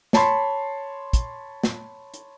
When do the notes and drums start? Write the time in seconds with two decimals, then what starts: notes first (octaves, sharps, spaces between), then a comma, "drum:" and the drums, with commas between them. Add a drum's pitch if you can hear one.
0.13 C#5 A5 B5 C6, drum: snare
1.13 drum: kick, hi-hat
1.63 drum: snare
2.14 drum: hi-hat